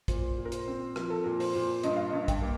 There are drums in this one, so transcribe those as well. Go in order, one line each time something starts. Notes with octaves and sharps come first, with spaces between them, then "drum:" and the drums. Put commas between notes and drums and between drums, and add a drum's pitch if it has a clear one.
A#2 C5, drum: kick, hi-hat
A#2
A#4
C5, drum: hi-hat
C4
F3 A#4, drum: rim click
A4
A#2 A#4
C5, drum: open hi-hat
A#2
G2 D#5, drum: hi-hat
F5
G2 D#5
G5, drum: kick, hi-hat
A#3